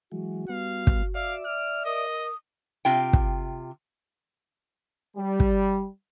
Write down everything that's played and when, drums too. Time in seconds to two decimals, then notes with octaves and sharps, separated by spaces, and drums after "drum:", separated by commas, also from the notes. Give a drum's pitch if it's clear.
0.12 E3 F#3 G#3 F#4
0.49 G3 B3 F5
0.87 drum: kick
1.15 D5 E5 F5
1.46 F6
1.85 A#4 D#5 D#6
2.85 C3 F4 G5
3.13 drum: kick
5.17 G3
5.40 drum: kick